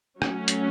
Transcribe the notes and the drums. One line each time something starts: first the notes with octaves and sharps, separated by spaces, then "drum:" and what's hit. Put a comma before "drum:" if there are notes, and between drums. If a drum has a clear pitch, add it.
F#3 A3 C#4, drum: rim click
drum: hi-hat